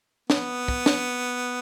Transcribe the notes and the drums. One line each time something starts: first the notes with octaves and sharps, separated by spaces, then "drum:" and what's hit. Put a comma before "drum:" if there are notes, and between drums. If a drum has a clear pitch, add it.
B3, drum: snare
drum: kick
drum: snare